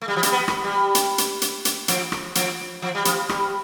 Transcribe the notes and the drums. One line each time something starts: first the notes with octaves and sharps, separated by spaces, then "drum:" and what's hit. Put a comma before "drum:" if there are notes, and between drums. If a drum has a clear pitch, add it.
A3
G3
F3
G3, drum: hi-hat
B3
drum: rim click
G3
drum: hi-hat
drum: hi-hat
drum: hi-hat
drum: hi-hat
F3, drum: hi-hat
drum: rim click
F3, drum: hi-hat
F3
G3
F3, drum: hi-hat
G3, drum: rim click